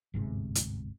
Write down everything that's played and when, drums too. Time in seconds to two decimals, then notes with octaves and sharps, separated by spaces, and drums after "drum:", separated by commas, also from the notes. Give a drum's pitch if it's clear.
0.14 D1 G1 G#2 C3
0.55 drum: hi-hat